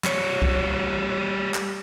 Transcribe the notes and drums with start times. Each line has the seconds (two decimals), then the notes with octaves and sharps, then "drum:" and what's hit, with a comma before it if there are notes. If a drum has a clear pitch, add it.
0.04 G3 C#5, drum: clap
0.42 drum: kick C2
1.54 drum: clap